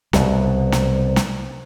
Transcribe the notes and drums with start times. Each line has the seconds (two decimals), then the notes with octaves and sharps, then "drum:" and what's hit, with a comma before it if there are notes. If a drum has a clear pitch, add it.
0.13 C2 B2, drum: snare
0.72 drum: snare
1.16 drum: snare